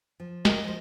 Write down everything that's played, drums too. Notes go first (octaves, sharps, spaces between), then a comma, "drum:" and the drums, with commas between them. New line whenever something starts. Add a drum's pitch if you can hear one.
F3
D4 A#4 D#5, drum: snare
F3 C5